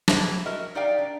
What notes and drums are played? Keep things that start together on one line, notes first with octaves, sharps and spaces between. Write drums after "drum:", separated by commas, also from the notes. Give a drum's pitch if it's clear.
E3 F#3 G#3 E4 E5, drum: snare
F#4 A#4 D#5 E5
D#4 G4 D5 E5 F5 G5
D4